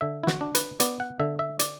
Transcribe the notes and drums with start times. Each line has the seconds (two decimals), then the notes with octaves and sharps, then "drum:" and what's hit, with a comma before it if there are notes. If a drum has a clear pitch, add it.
0.01 D3 E5
0.23 E4
0.27 F#4, drum: snare
0.41 D4
0.55 B4, drum: hi-hat
0.80 B3 D5, drum: hi-hat
1.00 F#5
1.20 D3 E5
1.39 E5
1.59 D5, drum: hi-hat